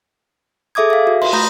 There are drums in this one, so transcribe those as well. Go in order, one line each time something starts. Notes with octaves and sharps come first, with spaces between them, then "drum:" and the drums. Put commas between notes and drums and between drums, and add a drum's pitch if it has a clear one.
G#4 A4 E5 D6 D#6 G#6
E5 F5
F#4
C6, drum: cymbal
A3 A#5 B5 D#6 G6 A#6